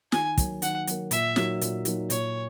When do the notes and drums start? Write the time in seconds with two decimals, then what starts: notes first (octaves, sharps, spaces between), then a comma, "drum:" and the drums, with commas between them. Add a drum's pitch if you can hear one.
0.12 D#3 G#5, drum: snare
0.38 F#3 A#3, drum: kick, hi-hat
0.62 D#3 F#5, drum: hi-hat
0.87 F#3 A#3, drum: hi-hat
1.11 A#2 E5, drum: hi-hat
1.36 F#3 A#3 D#4 F#4, drum: snare
1.61 A#2, drum: hi-hat
1.85 F#3 A#3 D#4 F#4, drum: hi-hat
2.10 A#2 C#5, drum: hi-hat